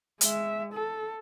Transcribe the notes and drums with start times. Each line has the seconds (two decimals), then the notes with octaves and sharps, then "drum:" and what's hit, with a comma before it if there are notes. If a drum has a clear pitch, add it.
0.21 G#3 E5, drum: hi-hat
0.73 A4